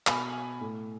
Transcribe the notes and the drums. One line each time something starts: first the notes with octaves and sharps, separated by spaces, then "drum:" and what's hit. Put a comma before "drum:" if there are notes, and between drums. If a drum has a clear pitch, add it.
B2 G#5 B5, drum: clap
A2